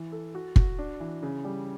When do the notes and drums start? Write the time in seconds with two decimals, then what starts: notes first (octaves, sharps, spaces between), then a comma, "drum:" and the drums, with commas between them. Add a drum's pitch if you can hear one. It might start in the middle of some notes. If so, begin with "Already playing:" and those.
Already playing: E3
0.12 A4
0.35 F#4
0.56 F#4, drum: kick
0.79 D4
1.00 E3
1.23 C#3
1.45 G3